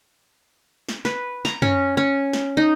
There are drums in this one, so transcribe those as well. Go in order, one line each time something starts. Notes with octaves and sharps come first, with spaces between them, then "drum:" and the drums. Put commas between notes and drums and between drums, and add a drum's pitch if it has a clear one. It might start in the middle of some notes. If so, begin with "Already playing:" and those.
drum: snare
B4, drum: snare
A#5, drum: snare
C#4, drum: tom F#2
C#4
drum: snare
D#4